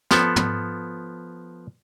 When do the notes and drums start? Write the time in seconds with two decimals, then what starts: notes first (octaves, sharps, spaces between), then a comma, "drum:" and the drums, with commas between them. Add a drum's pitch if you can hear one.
0.11 F3 B3 A4, drum: snare
0.36 drum: tom